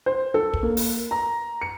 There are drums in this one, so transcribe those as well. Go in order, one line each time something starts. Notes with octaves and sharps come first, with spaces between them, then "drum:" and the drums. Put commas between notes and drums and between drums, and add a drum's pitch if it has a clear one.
C5
A4
drum: kick
A#3
drum: open hi-hat
A#5
C#7